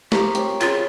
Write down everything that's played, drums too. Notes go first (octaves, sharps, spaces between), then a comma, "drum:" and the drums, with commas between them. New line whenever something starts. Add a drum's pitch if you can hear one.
F3 G4 A#4 C#6, drum: snare
C4 C5 C#5, drum: hi-hat
C#3 F4 G#4, drum: hi-hat